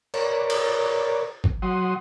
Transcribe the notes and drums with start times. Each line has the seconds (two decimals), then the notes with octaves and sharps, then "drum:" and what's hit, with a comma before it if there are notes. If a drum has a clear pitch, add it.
0.14 A#4 B4 C#5 D5, drum: cymbal
0.50 drum: cymbal
1.44 drum: kick
1.62 F#3 F#5 C6 D#6